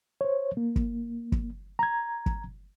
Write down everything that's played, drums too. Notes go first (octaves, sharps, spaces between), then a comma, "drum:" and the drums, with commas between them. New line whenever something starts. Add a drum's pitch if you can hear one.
C5 C#5
A#3
drum: kick
drum: kick
A#5 G#6
drum: kick